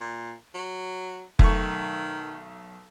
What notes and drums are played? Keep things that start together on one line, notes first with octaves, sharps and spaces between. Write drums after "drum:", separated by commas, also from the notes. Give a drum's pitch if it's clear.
A#2
F#3
B1 D#3 A3 C#6, drum: kick F1